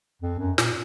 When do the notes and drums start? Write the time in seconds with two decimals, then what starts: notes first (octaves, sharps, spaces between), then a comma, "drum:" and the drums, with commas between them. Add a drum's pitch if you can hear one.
0.22 F2
0.39 F#2
0.58 A#2, drum: snare